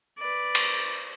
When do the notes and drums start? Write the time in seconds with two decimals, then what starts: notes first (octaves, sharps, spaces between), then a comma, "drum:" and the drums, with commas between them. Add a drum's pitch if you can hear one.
0.19 B4 D5
0.55 drum: cymbal